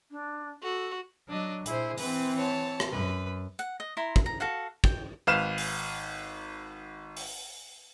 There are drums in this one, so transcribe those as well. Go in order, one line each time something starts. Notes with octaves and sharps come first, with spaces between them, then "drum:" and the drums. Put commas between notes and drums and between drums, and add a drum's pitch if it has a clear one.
D4
F#4 A4
F#3 D4 D#5
A#2 E4 G#4 C5, drum: hi-hat
E3 C4 B4, drum: open hi-hat
C#5 A5
drum: rim click
F#2 B4
F#5, drum: hi-hat
D#5
E4 A#5 C6
drum: kick
A#5
F#4 A4 F5 F#5
G5, drum: kick
G#1 B4 F5 F6 E7
drum: open hi-hat
drum: open hi-hat